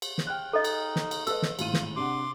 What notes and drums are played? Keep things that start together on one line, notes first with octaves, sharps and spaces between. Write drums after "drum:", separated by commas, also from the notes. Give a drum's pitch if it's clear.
drum: cymbal
drum: snare
G5 F6 F#6
D#4 A4 D#5
drum: cymbal
drum: snare
drum: cymbal
A4 B4 D#5 E6, drum: cymbal
drum: snare
G#1 A2 F4 D#7, drum: cymbal
drum: snare
C3 D4 F#5 C6 D6